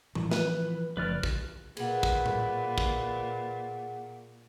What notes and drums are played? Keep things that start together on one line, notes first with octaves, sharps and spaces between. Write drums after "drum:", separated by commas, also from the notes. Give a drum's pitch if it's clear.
E3 F3, drum: tom A2
B4, drum: snare
F#1 F3 A3 B4 D5 F6
drum: kick
A#2 G#4 B4 F#5, drum: cymbal
drum: kick
drum: tom A2
drum: kick